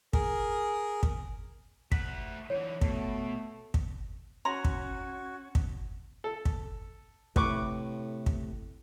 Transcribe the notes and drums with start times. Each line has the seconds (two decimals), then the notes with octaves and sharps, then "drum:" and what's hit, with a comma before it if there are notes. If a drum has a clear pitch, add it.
0.13 G#4 A#4, drum: kick
1.03 drum: kick
1.92 A3 F#5 B6, drum: kick
2.50 D3 E3 C#5
2.81 B2 A3, drum: kick
3.74 drum: kick
4.45 C#4 F#4 A#5 C6
4.65 drum: kick
5.55 drum: kick
6.24 A4
6.45 drum: kick
7.36 A2 C3 A3 B4 C#6 D6, drum: kick
8.26 drum: kick